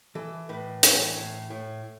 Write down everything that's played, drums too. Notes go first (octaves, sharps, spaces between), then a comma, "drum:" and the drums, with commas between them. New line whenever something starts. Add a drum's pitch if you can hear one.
E3 A4
A2 B4
E3 C#5, drum: hi-hat
A2
A2